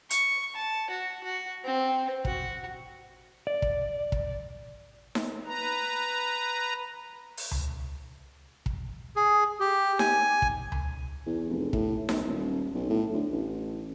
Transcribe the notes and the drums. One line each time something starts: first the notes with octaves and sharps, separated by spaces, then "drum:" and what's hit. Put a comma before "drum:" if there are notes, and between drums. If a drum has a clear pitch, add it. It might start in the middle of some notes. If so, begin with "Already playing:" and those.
C#6, drum: hi-hat
A5
F#4
F#4
C4
F#4, drum: kick
D5
drum: kick
drum: kick
drum: snare D#4
B4 A#5
drum: open hi-hat
drum: tom C#2
drum: kick
G#4
G4
G#5, drum: snare D#4
drum: kick
drum: tom C#2
E2
F1
A2, drum: kick
B1, drum: snare D#4
D#1
B1
A2
D2
A1